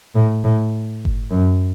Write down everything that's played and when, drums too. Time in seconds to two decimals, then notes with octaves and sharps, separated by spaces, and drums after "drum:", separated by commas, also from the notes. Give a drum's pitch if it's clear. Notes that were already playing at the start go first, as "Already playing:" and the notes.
0.15 A2
0.44 A2
1.05 drum: kick G1
1.31 F#2